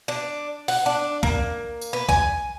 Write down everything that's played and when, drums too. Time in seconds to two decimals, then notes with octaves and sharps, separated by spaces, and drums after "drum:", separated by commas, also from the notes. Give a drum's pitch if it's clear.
0.08 D4
0.68 F#5, drum: open hi-hat
0.86 D4
1.23 A#3, drum: kick
1.81 drum: tambourine
1.93 B4
2.09 G#5, drum: kick